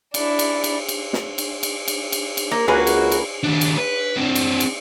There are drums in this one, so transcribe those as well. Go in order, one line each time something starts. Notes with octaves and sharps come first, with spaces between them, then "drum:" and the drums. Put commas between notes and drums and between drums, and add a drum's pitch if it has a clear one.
D4 E4, drum: cymbal
drum: cymbal
drum: cymbal
drum: cymbal
drum: snare
drum: cymbal
drum: cymbal
drum: cymbal
drum: cymbal
drum: cymbal
A#3
C#2 A#3 F#4 G#4 B4
drum: cymbal
drum: cymbal
D#2 D4
drum: cymbal
B4
C4 D4
drum: cymbal
drum: cymbal